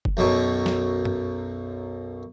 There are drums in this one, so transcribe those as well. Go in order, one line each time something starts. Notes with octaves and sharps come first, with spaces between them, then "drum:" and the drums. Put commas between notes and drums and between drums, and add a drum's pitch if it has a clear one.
drum: kick F#1
B1 F#2 B2 C#6
drum: snare F#3
drum: tom G2